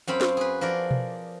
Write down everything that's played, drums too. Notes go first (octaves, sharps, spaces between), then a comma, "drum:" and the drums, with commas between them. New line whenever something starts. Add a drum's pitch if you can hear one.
F#2 C4 F5 B5
drum: snare
G#4 B4
F3 A#4 D5
drum: tom B2